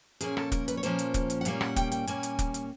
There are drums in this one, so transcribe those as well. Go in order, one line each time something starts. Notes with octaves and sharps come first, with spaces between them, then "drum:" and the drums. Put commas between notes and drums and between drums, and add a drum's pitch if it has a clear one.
A#2 F3 A#3 C#4 G#4, drum: hi-hat
A4, drum: rim click
A#4, drum: kick, hi-hat
B4, drum: hi-hat
C#5
A#2 F3 A#3 C#4 C5, drum: hi-hat
drum: hi-hat
drum: kick, hi-hat
drum: hi-hat
F#5
A#2 G3 A#3 C#4 F5, drum: hi-hat
F#5, drum: rim click
G5, drum: kick, hi-hat
G5, drum: hi-hat
A#2 G3 A#3 C#4 G#5, drum: hi-hat
drum: hi-hat
drum: kick, hi-hat
drum: hi-hat